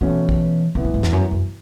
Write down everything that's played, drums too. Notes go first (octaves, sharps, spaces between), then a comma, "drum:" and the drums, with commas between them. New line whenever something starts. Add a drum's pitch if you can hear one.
B2 E3 A3 C#4 F#4
drum: kick
C#3 E3 B3 E4
A2
G#2
E2, drum: snare
F#2
F#2